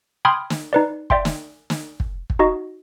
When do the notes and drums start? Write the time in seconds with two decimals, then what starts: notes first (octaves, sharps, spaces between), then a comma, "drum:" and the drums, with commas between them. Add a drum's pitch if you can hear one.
0.25 G5 B5 C6 D#6 F6 G#6
0.50 drum: snare
0.73 D#4 B4 D5
1.10 D5 E5 G5 C6, drum: kick
1.25 drum: snare
1.70 drum: snare
2.00 drum: kick
2.30 drum: kick
2.39 D#4 F#4 D#5